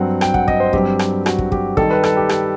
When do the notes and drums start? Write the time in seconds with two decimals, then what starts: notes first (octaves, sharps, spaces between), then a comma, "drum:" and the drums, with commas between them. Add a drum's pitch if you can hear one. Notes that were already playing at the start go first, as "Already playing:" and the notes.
Already playing: G2 F#3 C4 F#5
0.21 G5, drum: rim click
0.34 F#5, drum: kick
0.48 D#5, drum: kick
0.60 C5
0.73 G2 F#3 C4 G4, drum: kick
0.99 drum: rim click
1.26 F#4, drum: rim click
1.38 drum: kick
1.52 G4, drum: kick
1.77 D#3 G3 D#4 A4, drum: kick
1.91 B4
2.04 A4, drum: rim click
2.17 G4
2.29 G4, drum: rim click